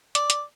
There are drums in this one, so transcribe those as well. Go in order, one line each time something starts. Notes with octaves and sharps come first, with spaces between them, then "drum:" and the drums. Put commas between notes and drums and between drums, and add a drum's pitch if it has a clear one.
D5, drum: hi-hat
drum: hi-hat